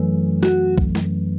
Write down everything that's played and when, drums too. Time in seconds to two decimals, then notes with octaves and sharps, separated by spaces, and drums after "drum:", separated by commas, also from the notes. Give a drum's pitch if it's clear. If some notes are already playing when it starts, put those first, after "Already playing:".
Already playing: F#2 E3 A3
0.43 F#4, drum: snare
0.78 drum: kick
0.95 drum: snare